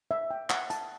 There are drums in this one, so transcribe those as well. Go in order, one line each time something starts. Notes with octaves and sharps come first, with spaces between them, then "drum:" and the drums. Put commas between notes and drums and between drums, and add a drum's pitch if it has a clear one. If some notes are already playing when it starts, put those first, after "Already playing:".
E5
G5
F#5, drum: clap
A5, drum: hi-hat